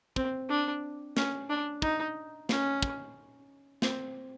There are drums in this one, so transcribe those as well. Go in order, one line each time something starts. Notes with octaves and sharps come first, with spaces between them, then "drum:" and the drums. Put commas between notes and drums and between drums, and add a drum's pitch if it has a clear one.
C4, drum: kick
D4
C#4, drum: snare
D4
D#4, drum: kick
C#4, drum: snare
drum: kick
C4, drum: snare